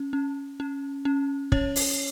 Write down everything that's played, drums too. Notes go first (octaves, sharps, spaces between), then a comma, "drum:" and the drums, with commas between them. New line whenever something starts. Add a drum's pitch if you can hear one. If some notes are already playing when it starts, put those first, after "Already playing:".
Already playing: C#4
C#4
C#4
C#4
C#4 C#5, drum: kick
drum: open hi-hat